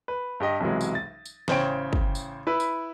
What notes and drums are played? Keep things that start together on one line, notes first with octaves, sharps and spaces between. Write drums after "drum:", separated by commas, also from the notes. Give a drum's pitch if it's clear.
B4
G2 G4 D#5
B1 C3 E3 F#3 G#3
drum: tambourine
A6
drum: tambourine
A1 C#3 C5 C#5 G5 D7, drum: snare
drum: kick
drum: tambourine
E4 B4
drum: tambourine